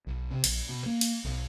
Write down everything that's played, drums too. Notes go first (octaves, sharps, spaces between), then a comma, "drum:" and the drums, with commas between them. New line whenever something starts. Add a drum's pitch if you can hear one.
B1
C3
A#1, drum: cymbal
B2
A#3
drum: cymbal
B1